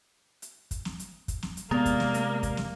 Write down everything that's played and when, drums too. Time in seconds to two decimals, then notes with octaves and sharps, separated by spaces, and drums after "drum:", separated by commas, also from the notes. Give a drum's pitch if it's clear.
0.42 drum: hi-hat
0.71 drum: kick, hi-hat
0.85 drum: snare
1.00 drum: hi-hat
1.28 drum: kick, hi-hat
1.43 drum: snare
1.57 drum: hi-hat
1.71 C3 G#3 A#3 B3 D5 A#5
1.86 drum: kick, hi-hat
2.00 drum: snare
2.14 drum: hi-hat
2.43 drum: kick, hi-hat
2.57 drum: snare